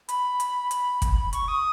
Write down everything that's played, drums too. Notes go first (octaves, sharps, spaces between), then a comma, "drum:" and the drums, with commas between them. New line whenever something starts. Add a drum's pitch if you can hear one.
B5, drum: hi-hat
drum: hi-hat
drum: hi-hat
drum: kick, hi-hat
C#6, drum: hi-hat
D#6